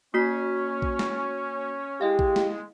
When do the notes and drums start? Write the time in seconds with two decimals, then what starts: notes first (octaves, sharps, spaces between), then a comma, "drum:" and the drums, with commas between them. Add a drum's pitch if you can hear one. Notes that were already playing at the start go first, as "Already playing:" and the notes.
0.14 A#3 C#4 F#4 B6
0.82 drum: kick A#1
0.99 drum: snare
2.01 G#3 E4 G4 D#5 F5
2.19 drum: kick A#1
2.36 drum: snare